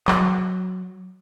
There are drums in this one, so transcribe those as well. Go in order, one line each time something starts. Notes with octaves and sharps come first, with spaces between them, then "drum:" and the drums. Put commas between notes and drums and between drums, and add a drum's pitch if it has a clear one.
F#3, drum: clap